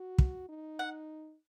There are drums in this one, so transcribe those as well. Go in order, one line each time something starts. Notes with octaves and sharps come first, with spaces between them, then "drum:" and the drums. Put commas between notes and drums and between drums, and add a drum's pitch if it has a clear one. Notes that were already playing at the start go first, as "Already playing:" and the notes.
Already playing: F#4
drum: kick
D#4
F#5